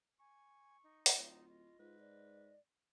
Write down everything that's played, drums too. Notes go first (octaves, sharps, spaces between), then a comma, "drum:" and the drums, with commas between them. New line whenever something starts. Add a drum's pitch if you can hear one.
G#5 C#6
D#4
drum: open hi-hat
D1 F4
D#5
G#2 F4 B4
D5